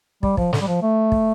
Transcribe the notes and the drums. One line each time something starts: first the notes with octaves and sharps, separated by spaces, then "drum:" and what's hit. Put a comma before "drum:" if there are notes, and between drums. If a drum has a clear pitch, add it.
G3, drum: kick
F3, drum: kick
D3, drum: snare
G3
F3
A3
drum: kick